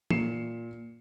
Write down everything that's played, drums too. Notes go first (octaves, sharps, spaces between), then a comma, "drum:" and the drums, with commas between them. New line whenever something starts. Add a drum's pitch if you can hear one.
A#2 C7 C#7 E7, drum: tom